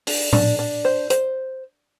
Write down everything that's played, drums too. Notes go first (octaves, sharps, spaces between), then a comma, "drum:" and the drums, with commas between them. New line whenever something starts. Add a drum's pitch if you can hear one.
D4, drum: open hi-hat
D4, drum: tom A2
D4
C5
C5, drum: hi-hat